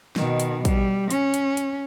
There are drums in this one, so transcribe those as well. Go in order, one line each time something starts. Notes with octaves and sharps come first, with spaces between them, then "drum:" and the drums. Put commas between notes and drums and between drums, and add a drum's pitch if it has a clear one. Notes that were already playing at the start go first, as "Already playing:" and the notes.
B2 D#3, drum: snare
drum: hi-hat
G3, drum: kick, hi-hat
C#4, drum: hi-hat
drum: hi-hat
drum: hi-hat